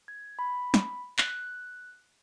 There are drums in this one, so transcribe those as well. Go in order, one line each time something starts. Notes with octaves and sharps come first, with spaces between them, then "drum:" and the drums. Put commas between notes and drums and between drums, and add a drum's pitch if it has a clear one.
G#6
B5
drum: snare
F#6, drum: clap